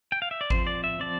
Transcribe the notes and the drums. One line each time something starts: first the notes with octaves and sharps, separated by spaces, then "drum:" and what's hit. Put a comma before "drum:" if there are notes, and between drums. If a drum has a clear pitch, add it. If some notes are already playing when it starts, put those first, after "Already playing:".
G5
F5
E5
D5
F3 C4 C5, drum: kick G#1
D5
E5
F3 C4 D5